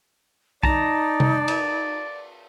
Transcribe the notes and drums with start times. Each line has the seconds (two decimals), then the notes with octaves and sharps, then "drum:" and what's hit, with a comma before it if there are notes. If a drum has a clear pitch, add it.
0.63 D#4 D5 A5 A#5, drum: kick B1
1.20 drum: tom C3
1.48 drum: cymbal